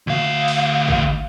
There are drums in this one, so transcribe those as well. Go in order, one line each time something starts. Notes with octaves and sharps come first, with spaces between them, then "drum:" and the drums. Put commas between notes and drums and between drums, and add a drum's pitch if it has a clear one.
D2 F5
drum: open hi-hat
drum: kick